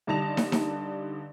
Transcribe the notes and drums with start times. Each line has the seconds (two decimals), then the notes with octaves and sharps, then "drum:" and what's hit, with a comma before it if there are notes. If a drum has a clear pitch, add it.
0.07 G2 D3 D#4 A5 A#6 F7
0.37 drum: snare
0.52 drum: snare